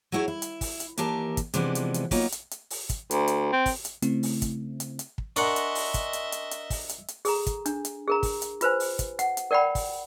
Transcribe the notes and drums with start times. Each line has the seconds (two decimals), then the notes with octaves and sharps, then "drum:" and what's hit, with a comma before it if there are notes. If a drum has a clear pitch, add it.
0.12 F#3 A3 E4 G#4 C#5
0.28 E4
0.42 drum: hi-hat
0.61 drum: kick, open hi-hat
0.80 drum: hi-hat
0.98 D#2 E3 G4 A#4 A5, drum: hi-hat
1.37 drum: kick, hi-hat
1.54 C3 E3 F3 G#3 B3 D4, drum: hi-hat
1.75 drum: hi-hat
1.94 drum: hi-hat
2.11 F#3 A#3 B3 D#4 F4, drum: kick, open hi-hat
2.32 drum: hi-hat
2.51 drum: hi-hat
2.70 drum: open hi-hat
2.89 drum: kick, hi-hat
3.11 D2, drum: hi-hat
3.28 drum: hi-hat
3.52 C4
3.66 drum: kick, open hi-hat
3.85 drum: hi-hat
4.02 C#3 A3 C4 E4, drum: hi-hat
4.23 drum: open hi-hat
4.42 drum: kick, hi-hat
4.80 drum: hi-hat
4.99 drum: hi-hat
5.18 drum: kick
5.36 D4 A#4 D#5 E5 F#5 G#5 C6 C#6, drum: hi-hat
5.56 drum: hi-hat
5.75 drum: open hi-hat
5.94 drum: kick, hi-hat
6.13 drum: hi-hat
6.32 drum: hi-hat
6.51 drum: hi-hat
6.70 drum: kick, open hi-hat
6.89 drum: hi-hat
7.08 drum: hi-hat
7.25 G#4 A4 A#5, drum: open hi-hat
7.47 drum: kick, hi-hat
7.66 D4, drum: hi-hat
7.85 drum: hi-hat
8.08 G#4 A#4 A#5
8.23 drum: kick, open hi-hat
8.42 drum: hi-hat
8.61 F4 B4 C5 G#5, drum: hi-hat
8.80 drum: open hi-hat
8.99 drum: kick, hi-hat
9.19 F#5, drum: hi-hat
9.37 drum: hi-hat
9.51 A#4 D5 F#5 G5 B5
9.75 drum: kick, open hi-hat